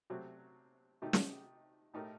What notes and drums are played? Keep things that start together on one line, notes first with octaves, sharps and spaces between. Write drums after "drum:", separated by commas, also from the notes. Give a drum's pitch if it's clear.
C3 F#3 A3 C4 F#4
C3 D#3 A3 D#4 G4
drum: snare
A2 A3 D#4 G4 A#4